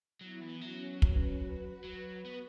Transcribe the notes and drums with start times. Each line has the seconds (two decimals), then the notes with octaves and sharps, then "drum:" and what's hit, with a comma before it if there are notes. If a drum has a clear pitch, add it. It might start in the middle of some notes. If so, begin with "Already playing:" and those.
0.21 F#3 B3 E4
0.41 E3
0.61 F#3 C#4 F#4
1.02 F#4 B4, drum: kick
1.43 F#4 B4
1.84 F#3
2.25 B3